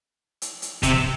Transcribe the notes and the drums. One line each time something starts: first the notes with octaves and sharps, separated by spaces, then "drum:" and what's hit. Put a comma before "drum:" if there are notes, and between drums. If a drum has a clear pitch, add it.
drum: hi-hat
drum: hi-hat
C3, drum: kick C#1, hi-hat